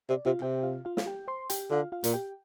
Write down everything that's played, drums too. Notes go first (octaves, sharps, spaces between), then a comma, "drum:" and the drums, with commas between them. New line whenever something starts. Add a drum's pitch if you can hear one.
C3 D5
C3 F4 F5
C3 G4 G5
F4 F5
F4 F5
F5, drum: snare
G4 G5
C5 C6
G4 G5, drum: hi-hat
D3 F4 F5
F4 F5
A#2, drum: hi-hat
G4 G5